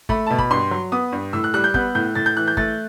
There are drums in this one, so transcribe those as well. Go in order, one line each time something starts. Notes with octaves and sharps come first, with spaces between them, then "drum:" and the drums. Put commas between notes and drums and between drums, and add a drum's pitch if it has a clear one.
A3 B5, drum: kick
B2 A5
B5, drum: kick
G2 C6
F#3
B3 D#6
G2
A2 E6
F#6
G3 F#6
G6
B3 G6, drum: kick
A2 G6
A2 A6
G6
E3 F#6
G6
A3 A6, drum: kick